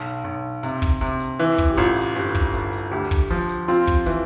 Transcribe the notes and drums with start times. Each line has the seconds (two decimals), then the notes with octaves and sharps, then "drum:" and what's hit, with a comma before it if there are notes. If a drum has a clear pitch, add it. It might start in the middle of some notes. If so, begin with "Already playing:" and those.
Already playing: B1
0.24 B1
0.63 C3, drum: hi-hat
0.82 drum: kick, hi-hat
1.01 C3, drum: hi-hat
1.20 drum: hi-hat
1.39 E3 E4, drum: hi-hat
1.58 drum: kick, hi-hat
1.70 G4
1.77 A1 F4, drum: hi-hat
1.96 drum: hi-hat
2.16 G1 G4, drum: hi-hat
2.35 drum: kick, hi-hat
2.53 G1, drum: hi-hat
2.73 drum: hi-hat
2.91 D2 G4
3.11 drum: kick, hi-hat
3.31 F3, drum: hi-hat
3.49 drum: hi-hat
3.68 C4 F4, drum: hi-hat
3.87 drum: kick
4.06 E3, drum: hi-hat